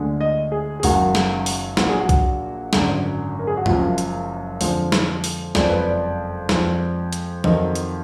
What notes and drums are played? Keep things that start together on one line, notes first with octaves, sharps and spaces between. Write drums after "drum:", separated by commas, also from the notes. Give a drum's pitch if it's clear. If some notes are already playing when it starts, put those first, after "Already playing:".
Already playing: D2 D3 G#3
D#5
G#4
G#4
F#1 F#2 D#3 G#3 F#4, drum: open hi-hat
drum: snare
drum: open hi-hat
A#1 A#2 F#3 F#4, drum: snare
G#4
F#4
drum: kick B1, hi-hat
G#1 F#2 D3 F#3, drum: snare
A#4
G#4
F#4
F#1 F#2 F3 G#3 F4, drum: tom F#2
drum: hi-hat
F2 D3 F3 G#3, drum: open hi-hat
drum: snare
drum: open hi-hat
F#1 F2 F3 G#3 D5, drum: snare
B4
D5
F2 F3 G#3, drum: snare
drum: hi-hat
F2 D#3 F#3 D#5, drum: tom E3
drum: hi-hat